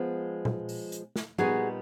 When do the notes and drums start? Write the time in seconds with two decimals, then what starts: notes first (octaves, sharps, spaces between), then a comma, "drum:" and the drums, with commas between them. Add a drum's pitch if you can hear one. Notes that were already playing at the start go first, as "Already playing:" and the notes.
Already playing: F3 G#3 B3
0.45 drum: tom A#2
0.69 drum: open hi-hat
0.92 drum: hi-hat
1.16 drum: snare
1.38 A#2 G3 B3 D#4 F#4 G#4, drum: tom F3